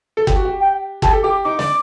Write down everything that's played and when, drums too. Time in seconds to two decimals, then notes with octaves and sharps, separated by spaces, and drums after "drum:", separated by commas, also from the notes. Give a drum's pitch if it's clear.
0.17 A4
0.27 G4, drum: kick
0.36 F#4
0.45 G4
0.60 G5
1.02 G4 A5, drum: kick
1.13 A4
1.23 G4 D6
1.44 D#4 D6
1.59 D5, drum: snare